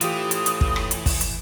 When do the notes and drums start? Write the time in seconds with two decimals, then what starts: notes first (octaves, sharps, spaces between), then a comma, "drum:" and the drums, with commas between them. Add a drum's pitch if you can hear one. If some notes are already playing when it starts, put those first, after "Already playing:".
0.01 A2 E3 F4 G4 D#6, drum: hi-hat
0.31 drum: hi-hat
0.46 drum: hi-hat
0.61 drum: kick
0.76 drum: rim click
0.91 drum: hi-hat
1.06 drum: kick, open hi-hat
1.21 drum: hi-hat